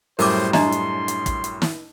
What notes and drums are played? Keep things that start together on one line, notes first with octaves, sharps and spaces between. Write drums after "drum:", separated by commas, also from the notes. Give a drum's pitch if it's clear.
F#2 A2 G3 A#4 C5 D6, drum: open hi-hat
D4 D#5 A#5 C6, drum: snare
drum: hi-hat
drum: hi-hat
drum: kick, hi-hat
drum: hi-hat
drum: snare